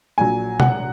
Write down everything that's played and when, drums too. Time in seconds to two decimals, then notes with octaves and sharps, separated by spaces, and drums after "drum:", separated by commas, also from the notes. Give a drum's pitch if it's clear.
0.18 A#1 A#2 F#3 G#5
0.60 F#5, drum: tom B2